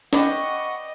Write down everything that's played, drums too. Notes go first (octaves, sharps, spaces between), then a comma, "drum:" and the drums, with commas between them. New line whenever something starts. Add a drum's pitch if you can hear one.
B4 D5 D#5 F#5 G5 C#6, drum: snare